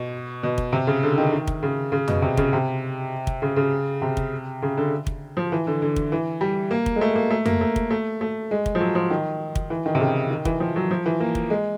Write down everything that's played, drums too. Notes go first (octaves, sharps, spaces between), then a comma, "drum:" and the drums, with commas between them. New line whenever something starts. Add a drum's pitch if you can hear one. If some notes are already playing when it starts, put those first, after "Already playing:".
Already playing: B2
B2
drum: kick
C3
C#3
D3
D#3
D#3
drum: kick
C#3
C#3
B2, drum: tom F2
C3
C#3, drum: kick
C3
drum: kick
C#3
C#3
C3
drum: kick
C#3
D3
drum: kick
F3
E3
D3
D3
drum: kick
E3
G3
A#3
drum: kick
G#3
A3
A#3
A3
A#3, drum: tom F2
A3
drum: kick
A3
A3
G#3
drum: kick
F3
F#3
F3
D#3
drum: kick
E3
D#3
C3
C#3
D#3
E3, drum: kick
F3
F#3
F3
E3
A#3
drum: kick
G#3